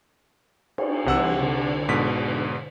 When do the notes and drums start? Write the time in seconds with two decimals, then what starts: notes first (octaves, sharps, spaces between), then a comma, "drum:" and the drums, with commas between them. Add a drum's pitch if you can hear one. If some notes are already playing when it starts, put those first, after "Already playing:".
0.78 drum: cymbal
1.06 C2 C3 E3 F#5 E6
1.38 D3
1.89 G#2 B2 B6